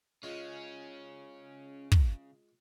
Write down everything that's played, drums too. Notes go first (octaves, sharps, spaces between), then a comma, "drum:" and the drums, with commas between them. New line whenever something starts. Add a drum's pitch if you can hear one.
C#3 G#3 C#4 F4
drum: kick